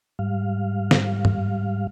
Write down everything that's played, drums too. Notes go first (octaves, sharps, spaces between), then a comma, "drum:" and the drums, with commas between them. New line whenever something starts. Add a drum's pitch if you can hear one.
G#2 G3 F5
drum: snare
drum: tom G2